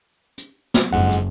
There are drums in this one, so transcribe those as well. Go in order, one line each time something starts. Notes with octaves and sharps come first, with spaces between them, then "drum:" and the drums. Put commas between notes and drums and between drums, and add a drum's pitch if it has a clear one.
drum: hi-hat
drum: snare
F#1 F2 G#2 G#3 F#5
drum: hi-hat